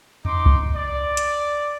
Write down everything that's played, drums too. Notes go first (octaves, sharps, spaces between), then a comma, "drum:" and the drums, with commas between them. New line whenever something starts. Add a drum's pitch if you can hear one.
D#4 C6 D6, drum: tom E2
drum: kick
D5
drum: hi-hat